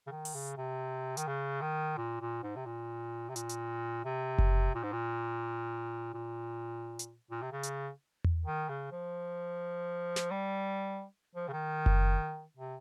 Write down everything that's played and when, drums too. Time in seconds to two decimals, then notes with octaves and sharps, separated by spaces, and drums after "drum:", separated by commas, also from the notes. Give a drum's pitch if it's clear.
0.07 C#3
0.11 D#3
0.25 drum: open hi-hat
0.34 C#3
0.57 C3
1.17 D#3, drum: hi-hat
1.27 C#3
1.61 D#3
1.97 A#2
2.20 A#2
2.43 G#2
2.56 C3
2.66 A#2
3.29 C3
3.36 A#2, drum: hi-hat
3.49 drum: hi-hat
4.05 C3
4.38 drum: kick F#1
4.75 A#2
4.83 G#2
4.93 A#2
6.14 A#2
6.99 drum: hi-hat
7.31 A#2
7.42 C3
7.52 C#3
7.63 drum: hi-hat
8.24 drum: tom E2
8.46 D#3
8.69 C#3
8.92 F3
10.16 drum: snare
10.31 G3
11.35 F3
11.48 C#3
11.52 D#3
11.86 drum: kick F#1
12.57 C3